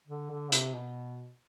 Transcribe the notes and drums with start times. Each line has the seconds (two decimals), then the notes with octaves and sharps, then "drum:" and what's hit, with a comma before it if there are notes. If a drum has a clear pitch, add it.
0.07 D3
0.30 D3
0.52 C3, drum: hi-hat
0.74 B2